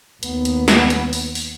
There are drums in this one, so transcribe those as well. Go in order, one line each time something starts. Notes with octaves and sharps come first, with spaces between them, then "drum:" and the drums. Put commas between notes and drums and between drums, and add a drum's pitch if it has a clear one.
D#2 B3, drum: hi-hat
drum: hi-hat
drum: snare
drum: hi-hat
drum: open hi-hat
drum: open hi-hat